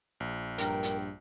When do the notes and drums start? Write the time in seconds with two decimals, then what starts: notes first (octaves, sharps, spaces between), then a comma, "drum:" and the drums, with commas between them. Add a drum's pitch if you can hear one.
0.20 A#1
0.58 G2 A#4 G5, drum: hi-hat
0.83 drum: hi-hat